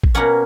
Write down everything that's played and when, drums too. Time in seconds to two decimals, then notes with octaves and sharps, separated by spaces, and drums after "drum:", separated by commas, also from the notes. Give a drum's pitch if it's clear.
0.03 drum: kick A1
0.15 B2 A#3 C#4 F#5